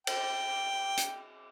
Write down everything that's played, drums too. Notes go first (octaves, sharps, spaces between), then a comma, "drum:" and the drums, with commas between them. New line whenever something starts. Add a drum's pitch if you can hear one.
G5, drum: cymbal
drum: hi-hat